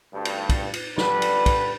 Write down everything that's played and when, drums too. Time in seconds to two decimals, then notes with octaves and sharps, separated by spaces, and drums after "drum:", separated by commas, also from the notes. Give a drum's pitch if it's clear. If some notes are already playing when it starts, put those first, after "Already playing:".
0.13 D2 G2
0.25 drum: cymbal
0.49 drum: kick, cymbal
0.74 drum: cymbal
0.98 D3 G3 B4, drum: snare
1.22 drum: cymbal
1.46 drum: kick, cymbal